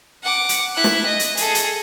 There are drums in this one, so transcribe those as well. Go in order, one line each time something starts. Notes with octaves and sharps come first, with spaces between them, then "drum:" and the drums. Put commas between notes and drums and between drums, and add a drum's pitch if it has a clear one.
F#5 D6
drum: hi-hat
E4 F#6
drum: snare
D#5
drum: hi-hat
G#4 A4, drum: hi-hat
drum: hi-hat